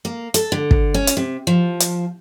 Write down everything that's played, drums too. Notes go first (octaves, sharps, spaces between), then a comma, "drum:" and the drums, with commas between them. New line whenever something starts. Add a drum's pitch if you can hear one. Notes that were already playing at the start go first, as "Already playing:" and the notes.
A#3
A4, drum: hi-hat
D3
drum: kick
C#4
drum: hi-hat
C3
F3
drum: hi-hat